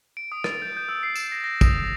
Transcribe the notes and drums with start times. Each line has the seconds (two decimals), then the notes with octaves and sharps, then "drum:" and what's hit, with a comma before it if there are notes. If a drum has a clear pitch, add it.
0.17 D7
0.32 D#6
0.44 A6, drum: rim click
0.62 G6
0.77 G6
0.89 E6
1.03 C7
1.16 E7, drum: tambourine
1.32 A#6
1.44 A#6
1.61 D#6, drum: kick, tambourine
1.77 D#6